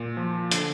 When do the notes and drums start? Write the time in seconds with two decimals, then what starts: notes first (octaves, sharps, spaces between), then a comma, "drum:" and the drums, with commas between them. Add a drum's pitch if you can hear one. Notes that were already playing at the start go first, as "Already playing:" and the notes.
Already playing: A#2
0.17 F3
0.51 D3, drum: hi-hat